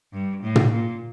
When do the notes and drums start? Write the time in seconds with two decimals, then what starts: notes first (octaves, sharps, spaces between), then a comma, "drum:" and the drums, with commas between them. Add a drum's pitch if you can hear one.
0.13 G2
0.43 A2
0.56 drum: tom
0.72 A#2